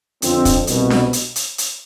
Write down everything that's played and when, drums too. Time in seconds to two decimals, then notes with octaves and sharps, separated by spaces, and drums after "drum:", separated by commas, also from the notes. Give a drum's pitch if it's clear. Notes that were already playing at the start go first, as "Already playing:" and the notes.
0.22 F2 D3 F3 C4, drum: hi-hat
0.45 drum: kick, hi-hat
0.67 C2 B2, drum: hi-hat
0.90 drum: snare D4
1.13 drum: hi-hat
1.36 drum: hi-hat
1.58 drum: hi-hat